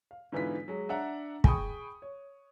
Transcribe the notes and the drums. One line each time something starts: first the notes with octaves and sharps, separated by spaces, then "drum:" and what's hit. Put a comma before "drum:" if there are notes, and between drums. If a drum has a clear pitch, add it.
F5
G#2 D3 E3 B3 F4 B6
F#3 G#3
D4 E5 F#5 A#5
G#4 G5 G#5 B5 C#6 D#6, drum: kick
C#5